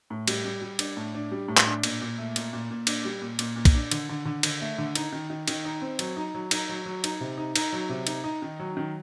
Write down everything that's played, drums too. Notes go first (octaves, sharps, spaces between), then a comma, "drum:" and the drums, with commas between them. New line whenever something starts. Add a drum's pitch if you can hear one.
A2
G3, drum: cymbal
G3
G3
D4, drum: cymbal
A2
D4
G3
A2
drum: clap
D4
A#2, drum: cymbal
A#2
A3
A#2, drum: cymbal
A#2
A#2
D4, drum: cymbal
G3
A#2
A#2, drum: cymbal
A#2
drum: kick B1, cymbal
D4
D3, drum: cymbal
D3
D3
D3, drum: cymbal
A3
D3
D#4, drum: cymbal
D#3
D#3
D#3, drum: cymbal
D#4
C4
F#3, drum: cymbal
D#4
F#3
D#4, drum: cymbal
F#3
F#3
D#4, drum: cymbal
C3
D#4
D#4, drum: cymbal
F#3
C3
D#4, drum: cymbal
D#4
D#3
F#3
D#3